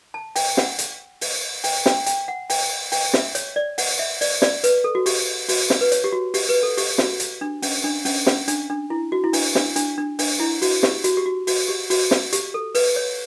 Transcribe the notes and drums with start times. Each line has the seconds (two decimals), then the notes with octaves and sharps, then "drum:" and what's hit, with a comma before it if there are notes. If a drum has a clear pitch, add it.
0.14 A5
0.36 G5, drum: open hi-hat
0.57 F#5, drum: snare
0.79 drum: hi-hat
1.21 drum: open hi-hat
1.64 G5, drum: open hi-hat
1.86 G5, drum: snare
2.06 G5, drum: hi-hat
2.28 F#5
2.50 G5, drum: open hi-hat
2.92 G5, drum: open hi-hat
3.14 E5, drum: snare
3.35 C#5, drum: hi-hat
3.56 D5
3.78 F#5, drum: open hi-hat
3.99 E5
4.21 D5, drum: open hi-hat
4.42 D5, drum: snare
4.64 B4, drum: hi-hat
4.84 A4
4.95 F#4
5.06 G4, drum: open hi-hat
5.49 F#4, drum: open hi-hat
5.70 drum: snare
5.81 B4
5.92 C#5, drum: hi-hat
6.04 G4
6.12 F#4
6.34 G4, drum: open hi-hat
6.49 B4
6.63 A4
6.77 G4, drum: open hi-hat
6.98 F#4, drum: snare
7.20 drum: hi-hat
7.41 D4
7.62 C#4, drum: open hi-hat
7.84 D4
8.05 C#4, drum: open hi-hat
8.26 C#4, drum: snare
8.48 D4, drum: hi-hat
8.70 D4
8.90 E4
9.12 F#4
9.24 E4
9.33 D4, drum: open hi-hat
9.55 D4, drum: snare
9.76 D4, drum: hi-hat
9.98 D4
10.19 D4, drum: open hi-hat
10.40 E4
10.62 F#4, drum: open hi-hat
10.83 G4, drum: snare
11.04 F#4, drum: hi-hat
11.17 G4
11.26 F#4
11.47 F#4, drum: open hi-hat
11.68 G4
11.90 F#4, drum: open hi-hat
12.11 drum: snare
12.33 G4, drum: hi-hat
12.54 A4
12.75 B4, drum: open hi-hat
12.96 C#5